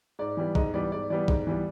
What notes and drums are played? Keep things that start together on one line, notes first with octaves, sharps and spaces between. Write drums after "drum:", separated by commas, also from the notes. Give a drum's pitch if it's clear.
G#2 D5
E3 G3 B3
G#2 D#5, drum: kick
E3 G3 B3 D5
G#2 D5
E3 G3 B3 D5
G#2, drum: kick
E3 G3 B3